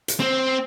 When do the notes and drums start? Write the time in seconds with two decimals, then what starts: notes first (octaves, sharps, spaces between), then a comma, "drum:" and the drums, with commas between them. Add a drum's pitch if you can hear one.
0.08 drum: hi-hat
0.20 C4